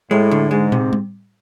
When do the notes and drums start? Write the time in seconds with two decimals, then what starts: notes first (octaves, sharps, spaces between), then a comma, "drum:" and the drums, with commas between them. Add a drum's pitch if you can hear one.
0.10 A2 G#3
0.31 D3
0.51 G#2 G#3
0.72 C3, drum: tom
0.93 drum: tom G3